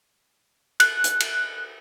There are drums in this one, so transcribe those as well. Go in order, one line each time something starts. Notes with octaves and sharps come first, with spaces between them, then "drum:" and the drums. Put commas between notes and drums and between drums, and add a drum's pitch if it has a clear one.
F#6, drum: cymbal
drum: hi-hat
drum: cymbal